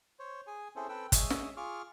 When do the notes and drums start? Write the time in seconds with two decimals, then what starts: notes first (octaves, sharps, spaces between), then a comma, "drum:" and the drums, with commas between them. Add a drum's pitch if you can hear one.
0.19 C5 C#5
0.47 G#4 G#5
0.76 C4 C#4 E4 G#4 A4 C5
0.89 C4 A4 B4 G5 E6
1.12 G#3 C#5 E5 D#6, drum: kick, hi-hat
1.30 drum: snare
1.57 F4 G#4 C#6 D6 F6